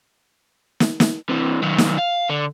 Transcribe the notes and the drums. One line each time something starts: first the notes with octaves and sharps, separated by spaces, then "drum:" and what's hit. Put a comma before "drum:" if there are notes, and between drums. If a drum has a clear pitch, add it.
drum: snare
drum: snare
C3 E3
D#3 F#3
drum: snare
F5
D3